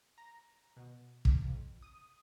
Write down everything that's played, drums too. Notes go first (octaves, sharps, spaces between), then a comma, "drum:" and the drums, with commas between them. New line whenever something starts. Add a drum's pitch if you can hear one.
A#5
B2
drum: kick
F2
D#6